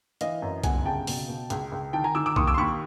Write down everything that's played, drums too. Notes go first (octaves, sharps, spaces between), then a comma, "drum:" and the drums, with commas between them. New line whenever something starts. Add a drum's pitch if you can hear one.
E3 D#5 F5, drum: hi-hat
F#2
G1 F#5 G#5, drum: kick, hi-hat
C#3 G5 A5
B2, drum: open hi-hat
B2
C#2, drum: hi-hat
C#2
D#3 G5 A5
G#5 A#5
D#3 D6 E6
D6 E6
D#2 C#6 D#6, drum: kick
D6 E6
C6
D#2 B5 C#6